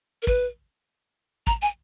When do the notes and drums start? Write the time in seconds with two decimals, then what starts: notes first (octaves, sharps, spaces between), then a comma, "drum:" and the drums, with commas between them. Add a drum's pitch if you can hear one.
0.23 A#4
0.27 B4, drum: kick
1.47 A#5, drum: kick
1.62 G#5